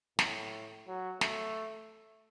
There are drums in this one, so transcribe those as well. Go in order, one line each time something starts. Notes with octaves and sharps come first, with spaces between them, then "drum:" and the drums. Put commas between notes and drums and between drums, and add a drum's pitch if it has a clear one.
A2, drum: snare
F#3
A3, drum: snare